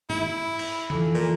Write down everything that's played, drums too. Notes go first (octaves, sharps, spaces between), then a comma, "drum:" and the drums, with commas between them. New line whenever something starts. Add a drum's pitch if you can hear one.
E4, drum: tom
drum: cymbal
F2 E3, drum: tom C#3
A#2